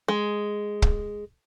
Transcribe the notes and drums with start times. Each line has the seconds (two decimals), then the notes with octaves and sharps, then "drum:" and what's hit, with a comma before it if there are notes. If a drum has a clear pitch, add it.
0.08 G#3
0.82 drum: kick